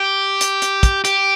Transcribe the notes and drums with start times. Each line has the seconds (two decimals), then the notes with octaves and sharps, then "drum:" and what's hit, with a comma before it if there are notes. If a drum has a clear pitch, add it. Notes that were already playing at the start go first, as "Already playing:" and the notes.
Already playing: G4
0.41 drum: hi-hat
0.62 drum: hi-hat
0.83 drum: kick, hi-hat
1.05 G4, drum: hi-hat